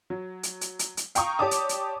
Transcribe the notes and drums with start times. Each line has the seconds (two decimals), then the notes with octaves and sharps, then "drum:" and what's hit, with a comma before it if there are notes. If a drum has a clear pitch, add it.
0.10 F#3
0.43 drum: hi-hat
0.61 drum: hi-hat
0.79 drum: hi-hat
0.97 drum: hi-hat
1.15 F5 G5 A#5 C#6 D#6, drum: hi-hat
1.39 G4 C#5 D5 A5 D6 D#6
1.51 drum: hi-hat
1.69 drum: hi-hat